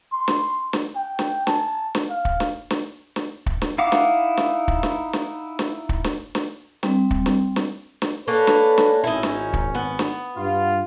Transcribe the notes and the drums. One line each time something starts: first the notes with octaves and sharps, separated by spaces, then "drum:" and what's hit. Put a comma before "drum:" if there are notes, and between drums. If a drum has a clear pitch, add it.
C6
drum: snare
drum: snare
G5
drum: snare
A5, drum: snare
drum: snare
F5
drum: kick
drum: snare
drum: snare
drum: snare
drum: kick
drum: snare
D#4 E4 F5 F#5 D6
drum: snare
drum: snare
drum: kick
drum: snare
drum: snare
drum: snare
drum: kick
drum: snare
drum: snare
G3 C4, drum: snare
drum: kick
drum: snare
drum: snare
drum: snare
A#3 C#4 D4 A4 B4
drum: snare
drum: snare
G#1 C#4 D#4 E4
drum: snare
drum: kick
B3
drum: snare
G2 F4